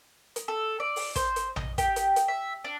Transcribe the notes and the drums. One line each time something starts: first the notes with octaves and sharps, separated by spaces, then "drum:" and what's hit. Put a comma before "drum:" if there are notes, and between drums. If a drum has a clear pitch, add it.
drum: hi-hat
A4
D5
drum: open hi-hat
C5, drum: kick, hi-hat
drum: hi-hat
D#5, drum: tom A#1
G4, drum: kick, hi-hat
drum: hi-hat
drum: hi-hat
E5
D4